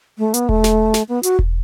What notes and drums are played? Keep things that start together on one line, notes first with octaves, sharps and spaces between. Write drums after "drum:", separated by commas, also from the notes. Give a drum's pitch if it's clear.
A3
B3, drum: hi-hat
A3, drum: kick E1
drum: snare
drum: snare
B3
F#4, drum: hi-hat
drum: kick E1